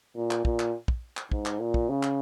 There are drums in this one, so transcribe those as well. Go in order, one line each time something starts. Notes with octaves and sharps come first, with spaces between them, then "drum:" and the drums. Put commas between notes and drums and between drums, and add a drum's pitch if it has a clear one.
A#2
drum: clap
A#2, drum: kick
drum: clap
drum: kick
drum: clap
G#2, drum: kick
drum: clap
A#2
drum: kick
C#3
drum: clap